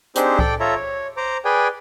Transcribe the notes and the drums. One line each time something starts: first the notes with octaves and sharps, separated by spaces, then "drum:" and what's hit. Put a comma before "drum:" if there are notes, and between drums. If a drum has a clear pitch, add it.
C4 D4 D#4 G4 G#4 C5, drum: hi-hat
A4 D5 G5 D6, drum: kick C2
F4 A4 C#5 E5 A#5
C#5
C5 A#5 D6
G#4 B4 D5 G5 G#5